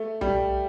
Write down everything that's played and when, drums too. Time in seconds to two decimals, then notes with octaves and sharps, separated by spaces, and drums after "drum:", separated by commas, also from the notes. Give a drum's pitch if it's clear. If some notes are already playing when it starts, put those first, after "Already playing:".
Already playing: A3
0.21 G3, drum: tom B1